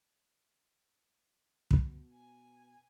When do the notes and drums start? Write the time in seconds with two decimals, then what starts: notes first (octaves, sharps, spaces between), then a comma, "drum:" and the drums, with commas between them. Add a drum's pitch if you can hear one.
1.71 B2, drum: kick
2.13 G#5